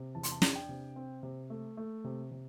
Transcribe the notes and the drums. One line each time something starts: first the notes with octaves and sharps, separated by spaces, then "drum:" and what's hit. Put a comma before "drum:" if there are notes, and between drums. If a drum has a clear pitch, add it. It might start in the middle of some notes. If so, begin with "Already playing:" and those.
Already playing: C3
E2 A5
C6, drum: hi-hat
A5
D4, drum: snare
G5
C3
C4
C3
A3
A3
C3
C3